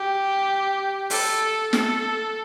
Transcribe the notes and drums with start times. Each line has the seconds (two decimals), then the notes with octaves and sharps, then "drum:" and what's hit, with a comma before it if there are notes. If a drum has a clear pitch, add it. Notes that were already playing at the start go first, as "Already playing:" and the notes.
Already playing: G4
1.10 A4, drum: open hi-hat
1.73 A4, drum: snare